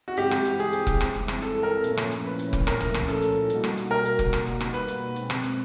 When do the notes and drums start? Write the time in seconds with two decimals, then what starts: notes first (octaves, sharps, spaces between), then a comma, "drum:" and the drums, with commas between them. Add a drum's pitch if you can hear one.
0.08 F#4
0.17 G2 E3 G#3 C4 E4 G4, drum: hi-hat
0.31 drum: rim click
0.45 drum: hi-hat
0.60 G#4
0.73 drum: hi-hat
0.87 drum: kick F1
1.01 drum: rim click
1.28 drum: rim click
1.42 A4
1.63 A#4
1.84 A#2 F3 A3 C#4 E4, drum: hi-hat
1.97 drum: rim click
2.11 drum: hi-hat
2.26 B4
2.39 drum: hi-hat
2.53 drum: kick F1
2.67 A#4, drum: rim click
2.80 drum: tom C#2
2.94 drum: rim click
3.08 A4
3.22 drum: hi-hat
3.50 B2 G3 A#3 D#4 F#4, drum: hi-hat
3.64 drum: rim click
3.77 drum: hi-hat
3.91 A#4
4.05 drum: hi-hat
4.19 drum: kick F1
4.33 drum: rim click
4.60 drum: rim click
4.74 B4
4.88 drum: hi-hat
5.16 B2 G#3 C4, drum: hi-hat
5.30 drum: rim click
5.44 drum: hi-hat